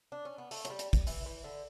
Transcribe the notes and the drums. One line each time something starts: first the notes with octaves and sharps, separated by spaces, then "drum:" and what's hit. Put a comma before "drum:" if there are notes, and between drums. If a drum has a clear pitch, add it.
D4
C#4
B3
A3, drum: open hi-hat
F#3, drum: hi-hat
G3
drum: hi-hat
drum: kick, hi-hat
E3, drum: open hi-hat
E3
D3